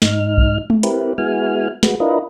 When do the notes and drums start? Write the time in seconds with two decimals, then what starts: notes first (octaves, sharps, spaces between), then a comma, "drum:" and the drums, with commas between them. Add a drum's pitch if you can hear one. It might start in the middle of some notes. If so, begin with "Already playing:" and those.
0.02 G#2 D#4 F6, drum: snare
0.38 drum: kick B1
0.70 drum: tom G#3
0.83 C4 E4 G4 A#4 B4, drum: hi-hat
1.18 G#3 B3 E4 F#4 G#5 F6
1.83 G#3 F#4 B4, drum: snare
2.00 D4 E4 F4 A#4 B4 D#5